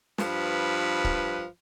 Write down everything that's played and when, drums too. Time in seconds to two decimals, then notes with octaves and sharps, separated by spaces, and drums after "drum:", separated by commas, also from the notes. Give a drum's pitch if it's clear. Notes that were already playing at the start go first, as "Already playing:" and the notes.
0.18 G2 F3 B4, drum: snare
1.04 drum: kick